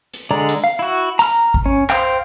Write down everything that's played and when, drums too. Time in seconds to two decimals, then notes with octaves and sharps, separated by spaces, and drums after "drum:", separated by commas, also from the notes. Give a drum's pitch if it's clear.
0.14 drum: hi-hat
0.31 D3 G#3 D5 A#5
0.49 drum: hi-hat
0.64 F5
0.79 E4 F#4
1.19 A#5 F6, drum: hi-hat
1.54 drum: kick G#1
1.66 C#4
1.90 C5 F5 G5, drum: clap